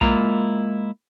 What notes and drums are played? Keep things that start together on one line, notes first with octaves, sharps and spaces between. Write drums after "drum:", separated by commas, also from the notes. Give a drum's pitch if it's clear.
G#3 A#3 E4 F4 A#5, drum: kick